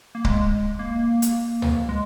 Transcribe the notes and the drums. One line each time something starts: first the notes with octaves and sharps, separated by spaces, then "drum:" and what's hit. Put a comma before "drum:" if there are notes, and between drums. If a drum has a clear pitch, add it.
A#3
G#3, drum: kick C#1
A#3
drum: hi-hat
drum: tom
G#3